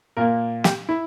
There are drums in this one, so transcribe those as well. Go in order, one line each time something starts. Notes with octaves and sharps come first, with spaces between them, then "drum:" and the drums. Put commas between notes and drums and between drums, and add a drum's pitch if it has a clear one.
A#2 A#3 A#4
G4, drum: snare
E4